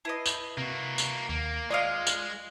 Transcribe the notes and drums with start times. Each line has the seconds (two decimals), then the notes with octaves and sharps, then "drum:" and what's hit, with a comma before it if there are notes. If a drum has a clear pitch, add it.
0.05 E4 B4 D#5 A5 C7
0.26 drum: tambourine
0.58 C3 A#3 F#4
0.98 drum: tambourine
1.29 D#2 A#3
1.70 G#3 F4 D5 D#5 F5
2.07 drum: tambourine